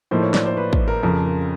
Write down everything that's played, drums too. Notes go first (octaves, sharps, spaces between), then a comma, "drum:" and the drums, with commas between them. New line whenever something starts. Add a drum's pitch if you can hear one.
A2 F3 A#3 D#4 C5
C#5
D5, drum: snare
C5
B4
B4, drum: kick
A#4
F2 C#3 F3 A#4
A#4